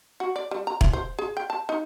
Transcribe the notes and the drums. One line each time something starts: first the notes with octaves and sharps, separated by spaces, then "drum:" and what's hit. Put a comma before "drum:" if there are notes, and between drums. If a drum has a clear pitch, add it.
F#4
D5
G3
A#5
E4, drum: kick E1
C5
G#4
G5
A5
D#4